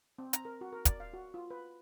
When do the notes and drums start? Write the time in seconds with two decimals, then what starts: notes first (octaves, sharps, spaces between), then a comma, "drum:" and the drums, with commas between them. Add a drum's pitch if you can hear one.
0.18 C4
0.33 A#5, drum: hi-hat
0.45 A#4
0.61 F#4
0.73 A#4
0.85 D5, drum: kick, hi-hat
1.00 F5
1.14 F#4
1.34 F4
1.51 B4